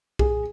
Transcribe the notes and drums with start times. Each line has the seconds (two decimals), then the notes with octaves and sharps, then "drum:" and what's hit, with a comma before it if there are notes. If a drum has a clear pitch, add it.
0.19 G#4, drum: kick B1